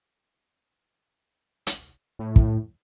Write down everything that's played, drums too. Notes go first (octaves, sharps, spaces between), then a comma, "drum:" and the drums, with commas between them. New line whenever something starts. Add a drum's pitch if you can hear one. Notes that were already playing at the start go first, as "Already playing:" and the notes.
drum: hi-hat
A2
drum: kick